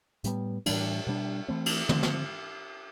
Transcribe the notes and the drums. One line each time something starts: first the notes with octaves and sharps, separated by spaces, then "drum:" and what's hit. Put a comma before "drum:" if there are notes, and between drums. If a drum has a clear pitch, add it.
A2 G3 B3, drum: hi-hat
A2 E3 G3 D4, drum: cymbal
B2 G3 B3 D4
E3 A3 C4
drum: cymbal
D3 F3 C4, drum: tom
drum: snare